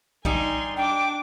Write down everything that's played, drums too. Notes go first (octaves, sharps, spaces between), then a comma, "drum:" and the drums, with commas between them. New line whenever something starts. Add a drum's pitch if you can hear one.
G3 D#4 G#5 C6, drum: kick B1
D4 G5 D6